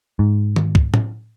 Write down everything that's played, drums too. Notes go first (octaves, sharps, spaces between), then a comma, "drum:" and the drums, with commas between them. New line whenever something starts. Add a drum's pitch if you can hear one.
G#2
drum: tom D#3
drum: kick C#2
drum: tom A2